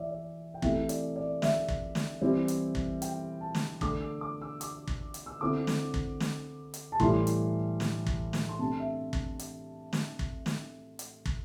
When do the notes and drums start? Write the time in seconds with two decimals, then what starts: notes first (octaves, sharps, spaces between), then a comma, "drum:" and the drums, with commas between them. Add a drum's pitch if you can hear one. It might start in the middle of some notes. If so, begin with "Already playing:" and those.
Already playing: E3 D5 E5
0.11 D5
0.54 G5
0.62 C3 E3 A3 E4 E5, drum: kick
0.89 D5, drum: hi-hat
1.16 D5
1.42 E5, drum: snare
1.68 drum: kick
1.95 drum: snare
2.21 E3 G3 C4 E4
2.48 drum: hi-hat
2.75 drum: kick
3.02 G5, drum: hi-hat
3.41 A5
3.55 drum: snare
3.81 D3 A3 D4 D6, drum: kick
4.01 E6
4.21 D6
4.42 E6
4.61 D6, drum: hi-hat
4.87 drum: kick
5.14 drum: hi-hat
5.26 E6
5.41 D3 C4 E4 D6
5.67 drum: snare
5.94 drum: kick
6.20 drum: snare
6.74 drum: hi-hat
6.92 A5
7.00 A2 E3 G3 E4 C6, drum: kick
7.27 drum: hi-hat
7.80 drum: snare
8.07 drum: kick
8.33 drum: snare
8.49 C6
8.59 C3 A3 D4 A5
8.80 E5
9.13 drum: kick
9.39 drum: hi-hat
9.93 drum: snare
10.19 drum: kick
10.46 drum: snare
10.99 drum: hi-hat
11.26 drum: kick